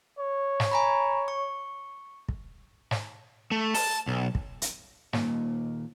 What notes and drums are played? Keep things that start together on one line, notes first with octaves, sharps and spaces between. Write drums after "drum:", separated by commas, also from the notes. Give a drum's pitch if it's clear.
C#5
drum: snare
G#5 A#5 B5
C#6
drum: kick
drum: snare
A3
A5, drum: open hi-hat
B1
drum: kick
drum: hi-hat
D#2 A#2, drum: snare